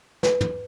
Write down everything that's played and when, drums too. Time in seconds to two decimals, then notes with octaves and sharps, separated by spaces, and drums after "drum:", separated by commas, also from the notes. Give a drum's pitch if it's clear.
0.23 B4, drum: snare
0.41 drum: tom